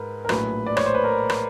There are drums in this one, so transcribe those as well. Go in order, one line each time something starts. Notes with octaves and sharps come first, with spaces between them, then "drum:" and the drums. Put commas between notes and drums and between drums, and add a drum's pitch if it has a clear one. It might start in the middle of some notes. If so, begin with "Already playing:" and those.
Already playing: G#2 A#4 B4
A#4
A#1 A2 F#3 B4, drum: rim click
D5
C#5, drum: rim click
C5
B4
A#4
drum: rim click